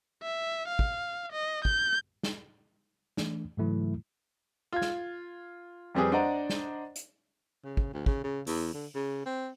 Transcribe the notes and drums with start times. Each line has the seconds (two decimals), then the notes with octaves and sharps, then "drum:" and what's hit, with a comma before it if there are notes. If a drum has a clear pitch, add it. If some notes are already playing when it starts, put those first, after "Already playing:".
0.23 E5
0.68 F5
0.79 drum: kick
1.32 D#5
1.65 G6, drum: kick
2.23 drum: snare
3.17 E3 A3 D4, drum: snare
3.57 G#2 C#3 E3 F#3 A3 E4
4.73 F4 G#6
4.82 drum: snare
5.95 F2 G3 C4 G4 G#4 B4
6.12 D4 C5 D5 D#5 F#5 A#5
6.49 drum: snare
6.96 drum: hi-hat
7.64 C#3
7.77 drum: kick
7.93 D2
8.06 C#3, drum: kick
8.24 C#3
8.47 E2, drum: open hi-hat
8.74 D3
8.95 C#3
9.26 C4